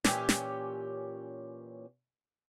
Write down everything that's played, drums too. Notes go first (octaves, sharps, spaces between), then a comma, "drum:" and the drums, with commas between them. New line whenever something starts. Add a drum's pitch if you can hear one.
A#2 E3 C#4 G4, drum: snare
drum: snare